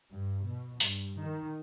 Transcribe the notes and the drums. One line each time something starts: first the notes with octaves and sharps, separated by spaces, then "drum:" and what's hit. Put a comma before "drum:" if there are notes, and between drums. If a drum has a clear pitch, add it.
G2
B2
G2, drum: open hi-hat
D#3